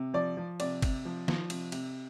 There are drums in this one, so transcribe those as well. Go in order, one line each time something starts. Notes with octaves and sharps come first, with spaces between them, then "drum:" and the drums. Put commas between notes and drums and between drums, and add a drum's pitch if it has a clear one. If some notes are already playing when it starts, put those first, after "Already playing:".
Already playing: C3
F3 D5
F3
C3 D5, drum: cymbal
C3, drum: kick, cymbal
F3
F3, drum: snare
C3, drum: cymbal
C3, drum: cymbal